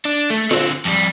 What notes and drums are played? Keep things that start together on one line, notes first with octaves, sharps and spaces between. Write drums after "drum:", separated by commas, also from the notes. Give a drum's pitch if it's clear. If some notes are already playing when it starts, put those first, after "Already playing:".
D4
A3
D3 C4, drum: snare F4
F2 G3